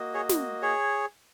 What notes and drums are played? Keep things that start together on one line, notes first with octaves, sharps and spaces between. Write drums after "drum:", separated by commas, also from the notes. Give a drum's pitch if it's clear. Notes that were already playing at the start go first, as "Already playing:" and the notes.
Already playing: A#3 F#4 D#5
G#4 C#5
drum: snare
G#4 C#5